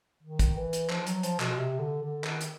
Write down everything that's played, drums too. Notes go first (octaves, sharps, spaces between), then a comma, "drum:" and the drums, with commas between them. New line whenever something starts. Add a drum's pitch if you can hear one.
D#3
drum: kick, hi-hat
E3
drum: hi-hat
F3, drum: clap
F#3, drum: hi-hat
F3, drum: hi-hat
B2, drum: clap
C3
D3
D3
D#3, drum: clap
drum: hi-hat